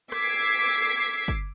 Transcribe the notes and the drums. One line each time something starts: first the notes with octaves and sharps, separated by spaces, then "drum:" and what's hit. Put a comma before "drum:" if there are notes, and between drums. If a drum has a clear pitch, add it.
D6 E6 G#6 B6 C7, drum: rim click
drum: kick